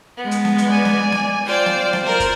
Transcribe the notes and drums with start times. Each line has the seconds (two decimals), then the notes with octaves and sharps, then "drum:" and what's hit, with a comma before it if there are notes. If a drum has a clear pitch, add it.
0.18 G#3 B3
0.31 drum: hi-hat
0.45 drum: snare B3
0.58 drum: hi-hat
0.69 D5 G#5
0.85 drum: snare B3
1.12 drum: snare B3
1.46 F4 C5 D5 G5
1.66 drum: snare B3
1.93 drum: snare B3
2.03 F4 A#4 C5 D5
2.20 drum: kick, hi-hat